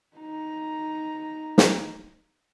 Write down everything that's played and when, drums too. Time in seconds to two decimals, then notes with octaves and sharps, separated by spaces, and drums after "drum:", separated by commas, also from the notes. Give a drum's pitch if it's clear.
0.17 D#4 A#5
1.58 drum: snare